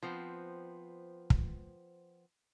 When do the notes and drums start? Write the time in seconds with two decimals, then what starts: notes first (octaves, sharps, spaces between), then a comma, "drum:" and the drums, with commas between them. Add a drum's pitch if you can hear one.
0.03 F3 B3 C4
1.30 drum: kick